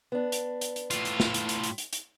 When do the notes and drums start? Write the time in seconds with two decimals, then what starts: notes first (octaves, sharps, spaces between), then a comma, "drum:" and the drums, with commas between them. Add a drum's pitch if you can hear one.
0.12 B3 D4
0.32 drum: hi-hat
0.61 drum: hi-hat
0.76 drum: hi-hat
0.91 A2 F4, drum: hi-hat
1.05 drum: hi-hat
1.20 drum: snare
1.34 drum: hi-hat
1.49 drum: hi-hat
1.63 drum: hi-hat
1.78 drum: hi-hat
1.93 drum: hi-hat